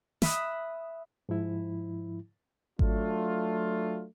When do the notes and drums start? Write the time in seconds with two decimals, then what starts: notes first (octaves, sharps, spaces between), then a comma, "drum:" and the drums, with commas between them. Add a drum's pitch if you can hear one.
0.22 E5 B5 D#6 F#6, drum: snare
1.29 G#2 F3 E4
2.79 F#3 A3 D4 F4, drum: kick G#1